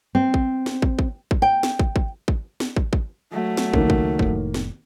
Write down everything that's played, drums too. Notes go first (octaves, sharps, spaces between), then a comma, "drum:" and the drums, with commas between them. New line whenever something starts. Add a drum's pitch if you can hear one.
C4
drum: kick
drum: snare
drum: kick
drum: kick
drum: kick
G5
drum: snare
drum: kick
drum: kick
drum: kick
drum: snare
drum: kick
drum: kick
F#3 A3
drum: snare
C#2 D#3 A#3, drum: kick
drum: kick
F1 A2, drum: kick
drum: snare